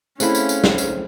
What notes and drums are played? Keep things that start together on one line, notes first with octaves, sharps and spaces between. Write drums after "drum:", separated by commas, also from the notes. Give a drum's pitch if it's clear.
A3 C4 C#4 E4 G#4 C5 F5 F#5, drum: tambourine
drum: tambourine
drum: tambourine
drum: snare
drum: tambourine